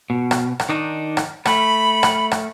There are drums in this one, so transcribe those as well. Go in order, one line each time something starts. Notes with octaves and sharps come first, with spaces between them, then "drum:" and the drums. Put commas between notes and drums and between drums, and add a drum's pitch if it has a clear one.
B2
drum: rim click
drum: rim click
D#3 D4 D#4
drum: rim click
A3 B5, drum: rim click
drum: rim click
drum: rim click